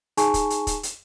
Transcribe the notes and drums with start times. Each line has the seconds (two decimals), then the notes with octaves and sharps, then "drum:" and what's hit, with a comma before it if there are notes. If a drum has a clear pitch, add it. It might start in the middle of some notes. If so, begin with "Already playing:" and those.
0.17 D#4 G#4 G#5 A5 C#6, drum: hi-hat
0.34 drum: kick, hi-hat
0.50 drum: hi-hat
0.67 drum: kick, hi-hat
0.83 drum: hi-hat